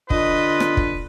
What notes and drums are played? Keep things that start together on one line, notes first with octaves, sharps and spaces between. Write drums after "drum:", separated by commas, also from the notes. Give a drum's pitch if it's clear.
D3 F4 B4 D#5, drum: kick
drum: rim click
drum: kick